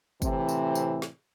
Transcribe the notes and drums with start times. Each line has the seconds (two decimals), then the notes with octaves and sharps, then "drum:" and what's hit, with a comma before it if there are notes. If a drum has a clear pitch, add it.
0.22 A2 C3 E3 C4, drum: kick, tambourine
0.49 drum: tambourine
0.75 drum: tambourine
1.02 drum: snare